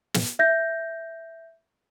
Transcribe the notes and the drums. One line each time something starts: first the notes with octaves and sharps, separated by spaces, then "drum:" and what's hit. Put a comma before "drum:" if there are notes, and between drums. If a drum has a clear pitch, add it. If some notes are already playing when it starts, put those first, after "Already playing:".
drum: snare
E5 G6 A#6